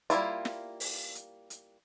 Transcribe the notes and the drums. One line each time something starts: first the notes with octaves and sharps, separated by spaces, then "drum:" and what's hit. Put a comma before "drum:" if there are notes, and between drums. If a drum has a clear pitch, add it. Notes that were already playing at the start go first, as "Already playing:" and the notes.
G3 A#3 E4 F4, drum: hi-hat
drum: snare
drum: open hi-hat
drum: hi-hat
drum: hi-hat